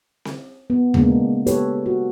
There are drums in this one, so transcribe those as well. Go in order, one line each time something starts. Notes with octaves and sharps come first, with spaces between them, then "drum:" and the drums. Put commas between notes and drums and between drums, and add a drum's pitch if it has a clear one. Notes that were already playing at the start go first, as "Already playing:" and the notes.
drum: snare C4
B3
C#3 G#3 A#3 B3 D4, drum: tom D#2
G4 A4 B4 C#5, drum: hi-hat
F#4